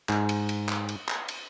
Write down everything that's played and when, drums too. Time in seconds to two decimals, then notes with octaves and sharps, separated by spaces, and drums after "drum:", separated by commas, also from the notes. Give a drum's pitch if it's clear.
0.09 G#2, drum: clap
0.29 drum: cymbal
0.49 drum: cymbal
0.69 drum: clap
0.89 drum: cymbal
1.09 drum: clap
1.28 drum: cymbal